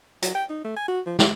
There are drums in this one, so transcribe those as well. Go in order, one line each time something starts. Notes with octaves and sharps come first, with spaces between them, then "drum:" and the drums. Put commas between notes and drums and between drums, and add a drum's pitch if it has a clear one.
F#3, drum: hi-hat
G5
D#4
A3
G#5
F#4
F3
G4, drum: snare